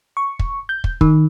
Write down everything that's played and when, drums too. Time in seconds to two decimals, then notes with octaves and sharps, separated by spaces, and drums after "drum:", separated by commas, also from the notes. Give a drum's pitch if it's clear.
0.17 C#6
0.39 drum: kick
0.69 G6
0.84 drum: kick
1.01 D#3, drum: kick